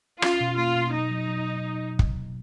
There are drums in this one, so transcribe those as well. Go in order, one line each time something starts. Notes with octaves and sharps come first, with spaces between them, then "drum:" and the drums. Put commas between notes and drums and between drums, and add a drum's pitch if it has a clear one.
C#4 F4, drum: rim click
B2
A#3 F4
B2
F#3 D#4
F#3
F#3
drum: kick